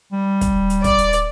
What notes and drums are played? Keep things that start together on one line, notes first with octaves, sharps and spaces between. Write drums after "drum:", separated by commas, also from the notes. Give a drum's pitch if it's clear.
G3
drum: kick, hi-hat
drum: hi-hat
D5, drum: kick, hi-hat
drum: hi-hat
drum: hi-hat